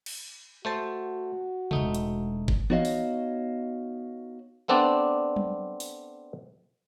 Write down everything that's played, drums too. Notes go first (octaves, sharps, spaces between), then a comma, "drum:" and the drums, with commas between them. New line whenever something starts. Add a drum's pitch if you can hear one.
drum: cymbal
A3 F#4 C5 A5
E1 G#3 A3 D#4, drum: tom C3
drum: hi-hat
drum: kick F#1
B3 D#4 F#4 C#5 D#5 F5, drum: tom E3
drum: open hi-hat
A3 B3 C4 D4 D5
drum: tom F#3
drum: open hi-hat